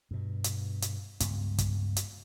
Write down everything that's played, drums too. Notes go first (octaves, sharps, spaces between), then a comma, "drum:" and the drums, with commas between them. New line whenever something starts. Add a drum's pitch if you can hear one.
G2 B2
drum: hi-hat
drum: hi-hat
C#2 G2 B3, drum: hi-hat
drum: kick, hi-hat
drum: hi-hat